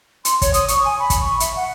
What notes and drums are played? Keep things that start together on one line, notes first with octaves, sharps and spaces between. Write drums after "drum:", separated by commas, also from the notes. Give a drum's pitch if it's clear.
C6, drum: hi-hat
C#5, drum: kick, hi-hat
D#6, drum: hi-hat
C#6, drum: hi-hat
G#5
B5
drum: kick, hi-hat
C#6
E5, drum: hi-hat
F#5